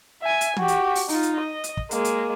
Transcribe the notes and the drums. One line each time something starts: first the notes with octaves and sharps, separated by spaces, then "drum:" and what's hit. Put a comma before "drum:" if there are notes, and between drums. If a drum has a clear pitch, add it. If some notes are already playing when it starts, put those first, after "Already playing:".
E5 G#5
drum: hi-hat
F#4 G4, drum: tom E3
drum: hi-hat
drum: open hi-hat
D#4 F4, drum: open hi-hat
drum: hi-hat
D#5
drum: hi-hat
drum: kick
G#3 A#3, drum: hi-hat
drum: hi-hat